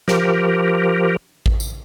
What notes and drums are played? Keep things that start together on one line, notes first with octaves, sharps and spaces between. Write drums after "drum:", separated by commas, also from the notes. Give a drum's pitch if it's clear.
F3 G4 A#4, drum: snare
drum: kick A1
drum: tambourine